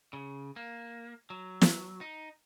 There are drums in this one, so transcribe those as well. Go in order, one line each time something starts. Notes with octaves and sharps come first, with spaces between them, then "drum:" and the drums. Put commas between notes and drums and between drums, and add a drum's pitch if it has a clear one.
C#3
A#3
F#3
drum: snare
D#4